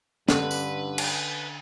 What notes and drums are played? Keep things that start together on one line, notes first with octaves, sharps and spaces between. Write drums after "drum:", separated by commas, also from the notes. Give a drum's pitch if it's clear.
G2 D3 C#4 A4 B4, drum: snare
drum: tambourine
drum: cymbal